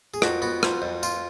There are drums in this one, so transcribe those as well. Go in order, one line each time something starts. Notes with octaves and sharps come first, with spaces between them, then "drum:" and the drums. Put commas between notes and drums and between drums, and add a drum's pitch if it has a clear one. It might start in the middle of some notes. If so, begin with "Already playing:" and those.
G#4
F2 F#4, drum: rim click
B3 F#4
F3, drum: rim click
F2
F4, drum: tambourine